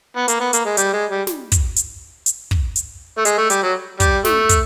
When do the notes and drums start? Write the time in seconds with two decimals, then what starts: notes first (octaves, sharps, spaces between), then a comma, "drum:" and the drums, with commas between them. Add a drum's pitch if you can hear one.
0.17 B3
0.28 A#3, drum: hi-hat
0.40 B3
0.53 A#3, drum: hi-hat
0.65 G#3
0.77 G3, drum: hi-hat
0.93 G#3
1.11 G3
1.27 drum: snare
1.52 drum: kick, hi-hat
1.77 drum: hi-hat
2.26 drum: hi-hat
2.51 drum: kick
2.76 drum: hi-hat
3.18 A3
3.25 G#3, drum: hi-hat
3.38 A3
3.50 G3, drum: hi-hat
3.63 F#3
4.00 G3, drum: kick, hi-hat
4.25 A3, drum: snare
4.49 drum: kick, hi-hat